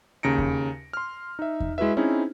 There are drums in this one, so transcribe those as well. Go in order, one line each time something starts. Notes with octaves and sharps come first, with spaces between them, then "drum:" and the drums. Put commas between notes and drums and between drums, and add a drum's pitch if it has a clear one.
D#2 C#3 A#5 A#6 C#7 D7
drum: kick E2
C6 F6
D#4 E5
drum: kick E2
G#3 E4 F#4 B4 E5
C4 C#4 D#4 E4 G#4 C5